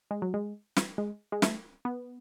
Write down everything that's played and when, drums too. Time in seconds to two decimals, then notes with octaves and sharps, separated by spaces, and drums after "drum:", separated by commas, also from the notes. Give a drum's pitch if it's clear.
0.11 G#3
0.22 F#3
0.34 G#3
0.76 drum: snare
0.98 G#3
1.32 G#3
1.42 A3, drum: snare
1.85 B3